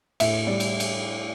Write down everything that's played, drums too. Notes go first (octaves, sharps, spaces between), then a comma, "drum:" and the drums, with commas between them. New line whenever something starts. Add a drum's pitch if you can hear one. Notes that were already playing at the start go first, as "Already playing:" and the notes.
A2 E5, drum: cymbal
G3 D5
drum: cymbal
drum: cymbal